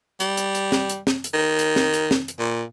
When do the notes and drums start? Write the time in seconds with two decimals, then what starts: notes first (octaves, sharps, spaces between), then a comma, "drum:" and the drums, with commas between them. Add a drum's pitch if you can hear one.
0.20 G3, drum: hi-hat
0.37 drum: hi-hat
0.55 drum: hi-hat
0.72 drum: snare
0.89 drum: hi-hat
1.07 drum: snare
1.24 drum: hi-hat
1.34 D#3
1.59 drum: hi-hat
1.76 drum: snare
1.94 drum: hi-hat
2.11 drum: snare
2.28 drum: hi-hat
2.39 A#2